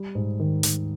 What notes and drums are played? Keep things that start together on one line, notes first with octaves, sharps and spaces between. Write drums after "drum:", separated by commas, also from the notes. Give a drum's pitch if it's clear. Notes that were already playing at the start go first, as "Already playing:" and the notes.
Already playing: G3
G#2
D#3
D#3, drum: hi-hat